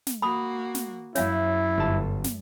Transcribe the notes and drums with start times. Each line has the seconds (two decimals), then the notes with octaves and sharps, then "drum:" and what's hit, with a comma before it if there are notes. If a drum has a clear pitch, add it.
0.07 drum: snare
0.22 A#3 F#4 B5 D#6
0.75 drum: snare
1.15 F#2 E4 C#5 E5 F5, drum: snare
1.78 G1 A5
2.24 drum: snare